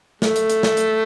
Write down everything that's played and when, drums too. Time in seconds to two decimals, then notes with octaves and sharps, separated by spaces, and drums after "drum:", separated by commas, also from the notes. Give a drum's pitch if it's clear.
0.22 A3, drum: snare
0.36 drum: hi-hat
0.50 drum: hi-hat
0.63 drum: snare
0.77 drum: hi-hat